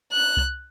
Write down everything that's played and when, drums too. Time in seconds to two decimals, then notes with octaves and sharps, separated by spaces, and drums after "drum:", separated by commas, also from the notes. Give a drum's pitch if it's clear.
0.13 F#6
0.37 drum: kick C2